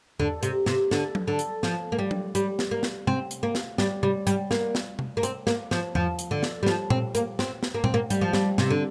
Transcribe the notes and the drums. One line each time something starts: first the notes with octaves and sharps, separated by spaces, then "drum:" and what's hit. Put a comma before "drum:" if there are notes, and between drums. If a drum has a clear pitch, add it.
D3, drum: tom E2
C3, drum: hi-hat
C3, drum: snare
D3, drum: snare
drum: tom
D3
drum: hi-hat
F3, drum: snare
A#3
G3
drum: tom
G3, drum: hi-hat
drum: snare
A#3
drum: snare
C4, drum: tom C3
drum: hi-hat
A#3
drum: snare
G3, drum: snare
G3, drum: tom C3
G3, drum: hi-hat
A#3, drum: snare
drum: snare
drum: tom C3
A#3
C4, drum: hi-hat
A#3, drum: snare
F3, drum: snare
F3, drum: tom E2
drum: hi-hat
D3
drum: snare
G3
F3, drum: snare
C4, drum: tom A#2
A#3, drum: hi-hat
C4, drum: snare
drum: snare
A#3
C4, drum: tom A#2
A#3
G3, drum: hi-hat
F3
G3, drum: snare
C3, drum: snare
D3